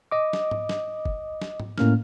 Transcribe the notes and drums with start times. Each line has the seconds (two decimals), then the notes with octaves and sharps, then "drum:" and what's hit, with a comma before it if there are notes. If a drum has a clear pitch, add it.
0.11 D#5 D6
0.33 drum: snare
0.51 drum: tom G#2
0.69 drum: snare
1.05 drum: kick
1.42 drum: snare
1.60 drum: tom G#2
1.78 A2 A#3 C#4 F6, drum: snare